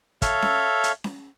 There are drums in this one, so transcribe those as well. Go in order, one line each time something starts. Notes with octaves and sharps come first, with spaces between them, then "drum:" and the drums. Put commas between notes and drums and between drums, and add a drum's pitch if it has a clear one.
A4 C#5 E5 F5, drum: kick, hi-hat
drum: snare C#4
drum: hi-hat
drum: snare C#4